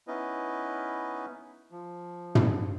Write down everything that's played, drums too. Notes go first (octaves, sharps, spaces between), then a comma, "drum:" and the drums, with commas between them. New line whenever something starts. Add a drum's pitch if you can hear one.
B3 C#4 D#4 E4 B4 D#5
F3
drum: tom